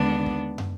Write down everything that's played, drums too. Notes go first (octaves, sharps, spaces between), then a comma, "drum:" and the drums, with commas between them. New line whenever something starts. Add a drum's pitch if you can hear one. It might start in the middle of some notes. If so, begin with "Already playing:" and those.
Already playing: D#2 D3 G#3 B3 D4
drum: kick
drum: tom